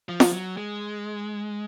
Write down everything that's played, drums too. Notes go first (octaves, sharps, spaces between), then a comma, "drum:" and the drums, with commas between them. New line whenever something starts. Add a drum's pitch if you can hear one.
F3
drum: snare
F#3
G#3